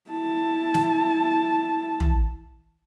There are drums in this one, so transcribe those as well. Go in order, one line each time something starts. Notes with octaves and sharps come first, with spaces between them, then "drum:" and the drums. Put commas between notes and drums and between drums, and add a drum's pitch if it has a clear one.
E4 A5
drum: snare
drum: tom